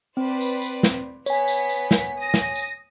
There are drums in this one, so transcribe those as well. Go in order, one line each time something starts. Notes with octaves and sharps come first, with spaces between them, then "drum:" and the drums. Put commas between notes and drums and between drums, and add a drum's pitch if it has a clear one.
C4 B4 C5 D5
drum: tambourine
drum: tambourine
drum: snare
B3 C#5 G#5 B6, drum: tambourine
drum: tambourine
drum: tambourine
drum: snare
D#6 A#6
drum: snare
drum: tambourine